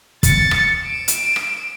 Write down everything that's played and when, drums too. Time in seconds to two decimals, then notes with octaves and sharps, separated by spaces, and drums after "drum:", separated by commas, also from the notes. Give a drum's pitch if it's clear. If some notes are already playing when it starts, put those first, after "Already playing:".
0.23 A6 C#7, drum: kick, hi-hat
0.51 drum: rim click
0.86 D7 E7
1.08 drum: hi-hat
1.36 drum: rim click